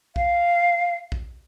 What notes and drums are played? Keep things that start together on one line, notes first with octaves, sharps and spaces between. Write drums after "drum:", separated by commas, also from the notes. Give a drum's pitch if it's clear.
F5, drum: kick
drum: kick